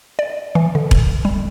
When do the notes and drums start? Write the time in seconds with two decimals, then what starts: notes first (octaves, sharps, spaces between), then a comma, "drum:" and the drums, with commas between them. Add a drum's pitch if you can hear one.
0.19 D5
0.55 E3
0.75 D3
0.91 drum: kick E1
1.25 G3